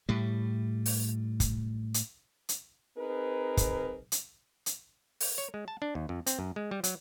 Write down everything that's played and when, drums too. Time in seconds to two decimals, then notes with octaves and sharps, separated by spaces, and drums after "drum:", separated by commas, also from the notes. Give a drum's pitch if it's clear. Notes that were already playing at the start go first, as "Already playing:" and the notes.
0.09 A2 G3
0.86 drum: open hi-hat
1.40 drum: kick, hi-hat
1.94 drum: hi-hat
2.49 drum: hi-hat
2.97 C4 D#4 G#4 A#4 B4
3.57 drum: kick, hi-hat
4.12 drum: hi-hat
4.66 drum: hi-hat
5.20 drum: open hi-hat
5.38 C#5
5.54 G#3
5.68 A5
5.82 D4
5.95 D#2
6.09 F2
6.26 C4, drum: hi-hat
6.39 F#2
6.56 G#3
6.71 G3
6.84 F#3, drum: hi-hat